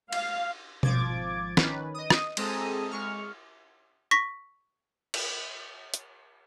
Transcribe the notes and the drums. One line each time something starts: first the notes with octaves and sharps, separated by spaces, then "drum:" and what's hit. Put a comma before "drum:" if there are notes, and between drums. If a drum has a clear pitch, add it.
F5, drum: cymbal
G#1 F3 D6 G#6 A6, drum: tom B2
D#3 C#4 B4, drum: snare
D#5 D#6
drum: rim click
G#3 C4 G#4 A4 A#5 D#6, drum: cymbal
G#3 C#6 F6
C#6 A#6 B6
drum: cymbal
drum: hi-hat